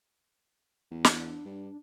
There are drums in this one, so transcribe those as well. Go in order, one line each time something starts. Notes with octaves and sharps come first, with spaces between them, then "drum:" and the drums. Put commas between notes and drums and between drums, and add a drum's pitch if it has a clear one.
E2
D4, drum: snare
G2